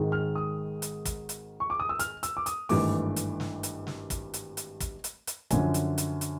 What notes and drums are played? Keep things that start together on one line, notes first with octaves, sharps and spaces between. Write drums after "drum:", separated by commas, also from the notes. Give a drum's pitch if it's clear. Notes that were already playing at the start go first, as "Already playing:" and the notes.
Already playing: G#1 G#2 D#3 G#3
F6
D#6
drum: hi-hat
drum: kick, hi-hat
drum: hi-hat
C#6
D6
D#6
E6
F6, drum: hi-hat
E6, drum: hi-hat
D6
D#6, drum: hi-hat
G#1 G2 E3 A3 D6, drum: open hi-hat
drum: hi-hat
drum: snare
drum: hi-hat
drum: snare
drum: kick, hi-hat
drum: hi-hat
drum: hi-hat
drum: kick, hi-hat
drum: hi-hat
drum: hi-hat
F#2 D3 F3 G#5, drum: kick, hi-hat
drum: hi-hat
drum: hi-hat
drum: hi-hat